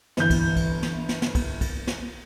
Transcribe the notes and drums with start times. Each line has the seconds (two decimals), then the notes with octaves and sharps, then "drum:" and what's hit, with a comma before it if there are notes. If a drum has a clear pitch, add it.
0.17 G1 E3 G6, drum: snare
0.30 drum: kick, cymbal
0.56 drum: kick, cymbal
0.83 drum: snare
1.09 drum: snare
1.22 drum: snare
1.35 drum: kick, cymbal
1.61 drum: kick, cymbal
1.87 drum: snare